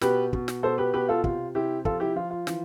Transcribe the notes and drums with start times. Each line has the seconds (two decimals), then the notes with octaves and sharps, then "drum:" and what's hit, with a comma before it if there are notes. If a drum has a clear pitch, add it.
0.01 B2 G4 B4, drum: snare
0.33 B2, drum: kick
0.48 drum: snare
0.63 B2 A4 C5
0.78 G4 B4
0.94 B2 G4 B4
1.08 F4 A4
1.24 C3 F4, drum: kick
1.55 C3 E4 G4
1.85 F3 F4 A4, drum: kick
2.00 E4 G4
2.16 F3 F4
2.30 F4
2.47 E3, drum: snare